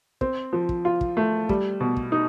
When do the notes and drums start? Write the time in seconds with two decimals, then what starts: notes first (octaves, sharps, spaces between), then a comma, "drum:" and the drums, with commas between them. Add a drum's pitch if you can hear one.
0.21 C4, drum: kick
0.53 F3
0.69 drum: kick
0.85 F4
1.01 drum: kick
1.17 A3
1.49 G3, drum: kick
1.81 B2
1.97 drum: kick
2.12 D#4